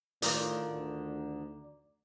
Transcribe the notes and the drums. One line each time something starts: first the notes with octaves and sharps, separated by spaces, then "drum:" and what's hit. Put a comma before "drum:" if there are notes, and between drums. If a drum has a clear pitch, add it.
A2 D3 D#3 F4 D5 A#5 D6, drum: hi-hat
D2